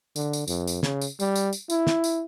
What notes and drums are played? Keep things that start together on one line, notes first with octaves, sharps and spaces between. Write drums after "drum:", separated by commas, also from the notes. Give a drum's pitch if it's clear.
D3, drum: tambourine
drum: tambourine
F2, drum: tambourine
drum: tambourine
C#3, drum: snare
drum: tambourine
G3, drum: tambourine
drum: tambourine
drum: tambourine
E4, drum: tambourine
drum: snare
drum: tambourine